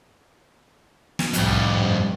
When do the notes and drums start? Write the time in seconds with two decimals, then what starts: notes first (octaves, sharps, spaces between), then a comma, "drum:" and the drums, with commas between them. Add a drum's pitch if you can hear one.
1.19 drum: snare
1.33 C2 F2 A2 G3, drum: hi-hat
1.74 G2